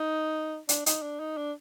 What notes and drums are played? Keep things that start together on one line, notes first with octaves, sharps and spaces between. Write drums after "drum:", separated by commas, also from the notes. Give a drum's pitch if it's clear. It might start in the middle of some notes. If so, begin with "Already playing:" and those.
Already playing: D#4
D4, drum: hi-hat
D#4, drum: hi-hat
D4
D#4
D4